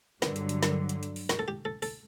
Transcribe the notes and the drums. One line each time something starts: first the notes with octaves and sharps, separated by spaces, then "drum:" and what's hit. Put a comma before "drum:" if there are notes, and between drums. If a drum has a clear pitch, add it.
G2 D3 F#3 B3, drum: snare
drum: hi-hat
drum: hi-hat
drum: snare
drum: hi-hat
drum: hi-hat
drum: open hi-hat
F#4, drum: snare
A4
G4
A4
A4, drum: open hi-hat